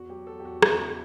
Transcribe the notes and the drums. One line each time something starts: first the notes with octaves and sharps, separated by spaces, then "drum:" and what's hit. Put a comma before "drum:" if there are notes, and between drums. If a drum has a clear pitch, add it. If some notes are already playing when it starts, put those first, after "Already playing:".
Already playing: E2 F#4
F#3 G4
F#3 A4
G4
E2 F#4
E2 E4, drum: rim click
C#3